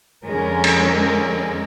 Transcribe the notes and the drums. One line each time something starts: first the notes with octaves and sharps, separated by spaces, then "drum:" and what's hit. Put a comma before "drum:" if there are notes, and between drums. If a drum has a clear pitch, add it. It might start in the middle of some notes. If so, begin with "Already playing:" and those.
F2 D3 G#3 C#4 A#4
drum: cymbal